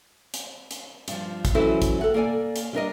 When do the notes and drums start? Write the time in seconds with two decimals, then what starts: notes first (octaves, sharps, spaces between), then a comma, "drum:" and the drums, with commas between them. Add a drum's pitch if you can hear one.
0.34 drum: hi-hat
0.71 drum: hi-hat
1.08 G2 F3, drum: hi-hat
1.45 drum: kick, hi-hat
1.54 E3 F#3 C#4 E4 A4 C5
1.82 drum: kick, hi-hat
2.01 A4 F#5
2.14 A#3 A4 D5 G#5
2.56 drum: hi-hat
2.73 G3 D4 A#4 D#5